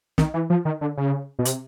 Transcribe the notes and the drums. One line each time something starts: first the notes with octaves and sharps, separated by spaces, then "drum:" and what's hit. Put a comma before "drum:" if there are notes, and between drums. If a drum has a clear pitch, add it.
D#3, drum: snare
E3
F3
D#3
D3
C#3
B2
C3, drum: hi-hat